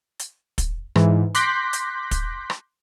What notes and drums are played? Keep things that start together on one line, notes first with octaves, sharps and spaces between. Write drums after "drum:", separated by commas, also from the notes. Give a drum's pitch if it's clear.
drum: hi-hat
drum: kick, hi-hat
G#2 E3, drum: rim click
C6 D6 F#6 G6 A#6 B6, drum: hi-hat
drum: hi-hat
drum: kick, hi-hat
drum: rim click